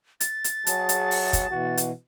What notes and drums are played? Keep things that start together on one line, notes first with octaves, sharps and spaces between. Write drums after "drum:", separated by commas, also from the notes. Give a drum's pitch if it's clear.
A6, drum: hi-hat
drum: hi-hat
F#3 G#4 A5, drum: hi-hat
drum: hi-hat
drum: open hi-hat
drum: kick, hi-hat
B2 E3 F#4
drum: hi-hat